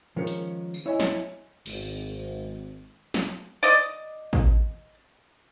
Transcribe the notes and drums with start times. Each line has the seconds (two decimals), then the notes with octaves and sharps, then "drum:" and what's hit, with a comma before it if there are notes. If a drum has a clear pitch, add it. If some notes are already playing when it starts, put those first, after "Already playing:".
0.16 D#3 F3 G#3 C#4 A#4 C#7
0.27 drum: hi-hat
0.74 drum: tambourine
0.86 E4 C#5 D#5 G#5
1.00 drum: snare
1.66 G#1, drum: cymbal
3.14 drum: snare
3.63 D5 D#5
4.33 drum: kick